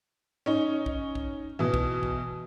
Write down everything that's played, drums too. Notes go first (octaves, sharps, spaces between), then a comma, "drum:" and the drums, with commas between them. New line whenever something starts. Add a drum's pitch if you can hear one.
C#4 D#4
drum: kick A#1
drum: kick A#1
B2 E3
drum: kick A#1
drum: kick A#1